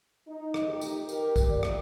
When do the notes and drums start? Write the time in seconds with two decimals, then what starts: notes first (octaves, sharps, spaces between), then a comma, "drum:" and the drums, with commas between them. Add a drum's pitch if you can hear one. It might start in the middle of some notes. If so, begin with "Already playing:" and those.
0.28 D#4
0.54 drum: rim click
0.68 F2 D#3 A3 D#4 G4
0.81 drum: tambourine
1.09 G4 A#4, drum: tambourine
1.36 drum: kick, tambourine
1.49 A#2 F3 A3 C4 A#4 D5
1.63 drum: rim click